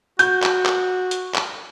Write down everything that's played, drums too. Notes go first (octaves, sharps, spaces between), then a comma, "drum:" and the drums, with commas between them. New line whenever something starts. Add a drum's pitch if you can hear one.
F#4 G6, drum: hi-hat
drum: clap
drum: clap
drum: hi-hat
drum: clap